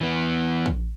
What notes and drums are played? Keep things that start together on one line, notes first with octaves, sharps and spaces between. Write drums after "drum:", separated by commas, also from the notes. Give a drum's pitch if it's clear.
E3 B3
drum: kick